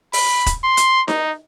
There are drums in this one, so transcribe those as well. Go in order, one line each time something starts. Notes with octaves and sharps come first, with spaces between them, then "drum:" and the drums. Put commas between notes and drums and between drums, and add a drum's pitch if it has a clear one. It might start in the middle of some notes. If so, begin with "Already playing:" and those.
B5, drum: open hi-hat
drum: kick, hi-hat
C6
drum: hi-hat
D#4, drum: snare D#4